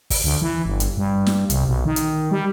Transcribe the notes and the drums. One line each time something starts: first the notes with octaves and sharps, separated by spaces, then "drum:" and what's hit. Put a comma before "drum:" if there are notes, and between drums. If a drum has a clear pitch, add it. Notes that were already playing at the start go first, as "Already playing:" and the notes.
drum: kick, open hi-hat
D2
E3
G1
drum: hi-hat
G2
drum: snare
C2, drum: hi-hat
B1
D#3
drum: hi-hat
G3